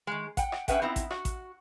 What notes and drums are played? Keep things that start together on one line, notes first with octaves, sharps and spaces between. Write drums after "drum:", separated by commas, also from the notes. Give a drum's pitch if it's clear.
D#3 G#3
F#5 G5, drum: kick A1, hi-hat
drum: rim click
C#4 G#4 B4 E5 F#5 G5, drum: kick A1, hi-hat
B3 C4 D#4 E4
drum: kick A1, hi-hat
F#4, drum: rim click
drum: kick A1, hi-hat